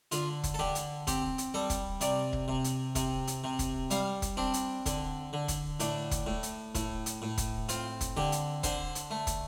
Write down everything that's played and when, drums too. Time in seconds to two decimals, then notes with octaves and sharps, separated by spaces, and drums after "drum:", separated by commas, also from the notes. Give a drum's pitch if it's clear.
0.12 D3 F4, drum: hi-hat
0.44 drum: kick, hi-hat
0.54 A4
0.59 D3 G4
0.75 drum: hi-hat
1.07 C4 G4, drum: kick, hi-hat
1.38 drum: hi-hat
1.54 G3 A4
1.70 drum: kick, hi-hat
2.01 C3 D5, drum: hi-hat
2.33 drum: kick
2.48 C3
2.64 drum: hi-hat
2.95 C3, drum: kick, hi-hat
3.27 drum: hi-hat
3.44 C3
3.59 drum: kick, hi-hat
3.90 G3 F5, drum: hi-hat
4.22 drum: kick, hi-hat
4.37 C4 D4
4.54 drum: hi-hat
4.86 D3, drum: kick, hi-hat
5.33 D3
5.48 drum: kick, hi-hat
5.80 A2 D4, drum: hi-hat
6.11 drum: kick, hi-hat
6.26 A2
6.43 drum: hi-hat
6.75 A2, drum: kick, hi-hat
7.06 drum: hi-hat
7.22 A2
7.38 drum: kick, hi-hat
7.69 C4 F4, drum: hi-hat
8.01 drum: kick, hi-hat
8.17 D3 G4
8.32 drum: hi-hat
8.63 D3 C5, drum: kick, hi-hat
8.95 drum: hi-hat
9.11 A3
9.27 drum: kick, hi-hat